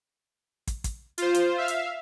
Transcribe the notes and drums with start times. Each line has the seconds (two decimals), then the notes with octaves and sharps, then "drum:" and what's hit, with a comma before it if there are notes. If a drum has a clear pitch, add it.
0.67 drum: kick, hi-hat
0.84 drum: kick, hi-hat
1.18 F4 C5, drum: hi-hat
1.34 drum: hi-hat
1.58 E5 F5
1.68 drum: hi-hat